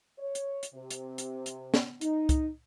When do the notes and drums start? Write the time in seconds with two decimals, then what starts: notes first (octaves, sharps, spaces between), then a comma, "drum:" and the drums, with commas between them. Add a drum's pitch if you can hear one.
0.19 C#5
0.35 drum: hi-hat
0.63 drum: hi-hat
0.74 C3
0.91 drum: hi-hat
1.18 drum: hi-hat
1.46 drum: hi-hat
1.74 drum: snare
2.01 D#4, drum: hi-hat
2.29 drum: kick C2, hi-hat